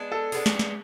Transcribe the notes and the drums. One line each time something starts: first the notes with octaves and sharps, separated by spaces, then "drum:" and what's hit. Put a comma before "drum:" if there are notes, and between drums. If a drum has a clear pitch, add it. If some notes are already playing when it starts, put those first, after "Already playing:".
Already playing: G#3 B3 D4
A4
G#3 B3 D4, drum: open hi-hat
drum: snare
drum: snare